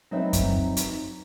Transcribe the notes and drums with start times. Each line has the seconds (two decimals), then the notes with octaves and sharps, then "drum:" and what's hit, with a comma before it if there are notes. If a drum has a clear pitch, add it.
0.11 F#3 C4 D#4 B4 D#5 E5
0.33 drum: kick F#2, hi-hat
0.77 drum: hi-hat